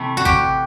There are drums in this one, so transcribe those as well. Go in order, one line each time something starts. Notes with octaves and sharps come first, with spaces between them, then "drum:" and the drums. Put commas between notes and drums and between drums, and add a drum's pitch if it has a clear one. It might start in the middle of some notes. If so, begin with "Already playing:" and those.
Already playing: C3 E3 A3
F#4
G4, drum: kick G#1